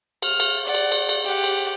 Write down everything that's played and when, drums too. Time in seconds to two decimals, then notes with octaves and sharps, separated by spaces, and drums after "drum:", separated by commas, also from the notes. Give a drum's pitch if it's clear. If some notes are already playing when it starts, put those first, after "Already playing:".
0.22 F6, drum: cymbal
0.40 drum: cymbal
0.64 D5 F#5
0.74 drum: cymbal
0.92 drum: cymbal
1.09 drum: cymbal
1.24 G4 F#5
1.44 drum: cymbal